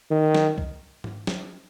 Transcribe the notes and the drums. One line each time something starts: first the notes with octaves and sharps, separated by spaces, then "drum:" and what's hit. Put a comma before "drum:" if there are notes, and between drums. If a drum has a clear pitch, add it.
D#3
drum: snare
drum: kick B1
drum: tom G#2
drum: snare